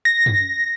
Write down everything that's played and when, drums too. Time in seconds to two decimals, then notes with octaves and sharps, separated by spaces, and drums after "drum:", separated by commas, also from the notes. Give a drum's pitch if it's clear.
0.05 A#6
0.26 drum: tom F#2